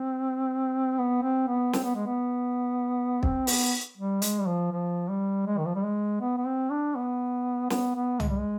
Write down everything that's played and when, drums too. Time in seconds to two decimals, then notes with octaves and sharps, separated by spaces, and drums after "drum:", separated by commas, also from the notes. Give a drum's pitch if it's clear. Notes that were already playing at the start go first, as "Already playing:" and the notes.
Already playing: C4
0.99 B3
1.23 C4
1.48 B3
1.73 C4, drum: snare
1.84 B3
1.96 G#3
2.06 B3
3.23 C4, drum: kick
3.47 B3, drum: open hi-hat
3.97 G3
4.22 G#3, drum: hi-hat
4.40 G3
4.46 F3
4.72 F3
5.09 G3
5.46 G#3
5.58 D#3
5.66 F3
5.75 G3
5.83 G#3
6.21 B3
6.37 B3
6.46 C4
6.70 D4
6.95 B3
7.70 B3, drum: snare
7.95 B3
8.20 G#3, drum: tom
8.29 G3
8.39 G#3